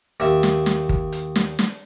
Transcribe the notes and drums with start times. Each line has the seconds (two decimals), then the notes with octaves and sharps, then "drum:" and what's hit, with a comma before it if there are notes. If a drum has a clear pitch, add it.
0.20 D#2 E5, drum: hi-hat
0.43 drum: snare
0.66 drum: snare
0.89 drum: kick G1
1.12 drum: hi-hat
1.36 drum: snare
1.59 drum: snare